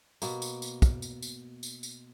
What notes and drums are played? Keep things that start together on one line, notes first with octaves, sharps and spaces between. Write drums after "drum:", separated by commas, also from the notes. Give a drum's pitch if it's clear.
B2 A#3, drum: tambourine
drum: tambourine
drum: tambourine
drum: kick, tambourine
drum: tambourine
drum: tambourine
drum: tambourine
drum: tambourine